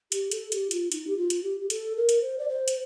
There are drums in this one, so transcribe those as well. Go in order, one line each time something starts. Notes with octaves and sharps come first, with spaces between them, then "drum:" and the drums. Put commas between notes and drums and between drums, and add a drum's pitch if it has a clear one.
G4, drum: hi-hat
A4, drum: hi-hat
G4, drum: hi-hat
F4, drum: hi-hat
D#4, drum: hi-hat
G4
F4
drum: hi-hat
G4
G4
A4, drum: hi-hat
A#4
drum: hi-hat
C5
D5
C5
drum: hi-hat